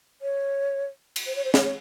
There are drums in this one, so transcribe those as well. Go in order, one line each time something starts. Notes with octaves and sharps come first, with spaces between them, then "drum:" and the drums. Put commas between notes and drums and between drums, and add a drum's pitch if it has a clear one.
C#5
drum: cymbal
C5
C#5
C5
C#5, drum: snare
C#5